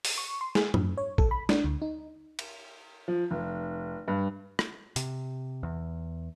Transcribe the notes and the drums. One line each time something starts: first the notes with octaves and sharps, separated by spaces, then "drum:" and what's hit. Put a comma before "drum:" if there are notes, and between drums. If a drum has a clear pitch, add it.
drum: open hi-hat
C#6
C6
G#4, drum: snare
F#2, drum: tom
C#5
A4, drum: kick A1
B5
D4, drum: snare
D2
D#4
drum: cymbal
F3
F1
G2
drum: rim click
C3, drum: hi-hat
E2